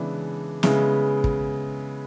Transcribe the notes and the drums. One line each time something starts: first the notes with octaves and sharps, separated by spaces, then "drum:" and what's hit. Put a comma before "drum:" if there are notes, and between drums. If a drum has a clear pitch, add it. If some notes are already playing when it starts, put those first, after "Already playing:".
Already playing: C#3 E3 G#3 B3 D4
C#3 G#3 B3 E4, drum: snare
drum: kick